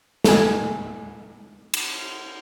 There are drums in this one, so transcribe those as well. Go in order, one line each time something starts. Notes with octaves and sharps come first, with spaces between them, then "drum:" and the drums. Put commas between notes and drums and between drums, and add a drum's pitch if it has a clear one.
A4 G#5, drum: snare
drum: cymbal